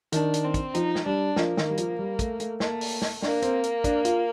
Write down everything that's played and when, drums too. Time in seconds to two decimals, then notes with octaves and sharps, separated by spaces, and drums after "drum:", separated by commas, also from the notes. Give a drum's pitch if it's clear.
0.12 D#3 D4, drum: hi-hat
0.34 drum: hi-hat
0.44 C4
0.54 drum: kick, hi-hat
0.74 F3 D#4, drum: hi-hat
0.95 drum: snare
1.06 G3 D4
1.36 F3 A#3, drum: snare
1.57 D#3, drum: snare
1.70 G3
1.77 F3, drum: hi-hat
1.99 G3
2.19 A3, drum: kick, hi-hat
2.40 A3, drum: hi-hat
2.60 A3 A#3, drum: snare
2.81 drum: open hi-hat
3.02 drum: snare
3.22 A#3 D4, drum: snare
3.42 C4, drum: hi-hat
3.63 drum: hi-hat
3.84 D4, drum: kick, hi-hat
4.05 F4, drum: hi-hat